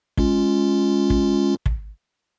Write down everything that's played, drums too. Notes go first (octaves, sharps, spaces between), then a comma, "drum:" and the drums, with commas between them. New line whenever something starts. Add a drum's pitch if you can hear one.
G#3 C#4 F4, drum: kick
drum: kick
drum: kick